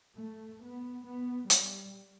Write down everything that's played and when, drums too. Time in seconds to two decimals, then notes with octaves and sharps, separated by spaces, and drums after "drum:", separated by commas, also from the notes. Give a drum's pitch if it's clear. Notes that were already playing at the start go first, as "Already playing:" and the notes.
0.18 A3
0.62 B3
1.06 B3
1.50 G3, drum: hi-hat